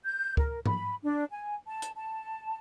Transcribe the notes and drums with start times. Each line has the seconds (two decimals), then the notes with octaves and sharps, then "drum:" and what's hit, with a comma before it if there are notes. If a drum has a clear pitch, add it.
0.05 G6
0.37 A#4, drum: kick C#2
0.66 B5, drum: tom G#2
1.04 D4
1.32 G#5
1.67 A5
1.82 drum: hi-hat
1.95 A5